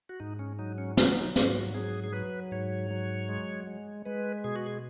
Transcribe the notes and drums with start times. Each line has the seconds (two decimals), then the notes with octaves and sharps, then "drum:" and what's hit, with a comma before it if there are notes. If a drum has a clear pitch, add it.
0.09 F#4
0.20 G#2 D#4
0.39 C#4
0.59 F#3 D#4
0.78 C#4
0.97 F#3 D#4, drum: hi-hat
1.05 F#4
1.14 D#4
1.36 G#2 F#4, drum: hi-hat
1.74 F#3 G#4
2.04 G#4
2.12 F#3 B4
2.51 G#2 C#5
2.91 F#3
3.29 G#3
3.67 G#3
4.05 G#3 B4
4.44 B2 G#4
4.56 F#4
4.66 G#4